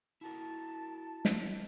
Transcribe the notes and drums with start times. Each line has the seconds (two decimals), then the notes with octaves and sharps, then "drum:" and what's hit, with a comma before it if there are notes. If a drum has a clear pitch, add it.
0.21 E4 F#4 A#4 A5
1.25 drum: snare